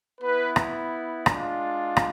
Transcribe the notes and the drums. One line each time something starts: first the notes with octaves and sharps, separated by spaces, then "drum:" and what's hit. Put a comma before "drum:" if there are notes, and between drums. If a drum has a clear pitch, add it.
B3 E4 B4
drum: rim click
G#3 D4 F4, drum: rim click
drum: rim click